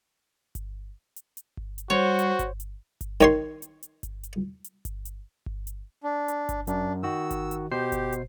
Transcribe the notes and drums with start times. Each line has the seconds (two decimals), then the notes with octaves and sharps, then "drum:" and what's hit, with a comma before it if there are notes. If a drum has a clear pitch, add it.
0.55 drum: kick G1, hi-hat
1.16 drum: hi-hat
1.37 drum: hi-hat
1.57 drum: kick G1
1.78 drum: hi-hat
1.90 G3 F#4 C5 C#5
2.19 drum: hi-hat
2.39 drum: kick G1, hi-hat
2.60 drum: hi-hat
3.01 drum: kick G1, hi-hat
3.21 D#3 C#5 C6, drum: hi-hat
3.62 drum: hi-hat
3.83 drum: hi-hat
4.03 drum: kick G1, hi-hat
4.23 drum: hi-hat
4.64 drum: hi-hat
4.85 drum: kick G1, hi-hat
5.05 drum: hi-hat
5.46 drum: kick G1
5.67 drum: hi-hat
6.03 D4
6.28 drum: hi-hat
6.49 drum: kick G1, hi-hat
6.67 F#2 D4, drum: hi-hat
7.03 D#3 F#4 E6
7.31 drum: kick G1, hi-hat
7.51 drum: hi-hat
7.72 B2 G4 C5 C7
7.92 drum: kick G1, hi-hat
8.12 drum: hi-hat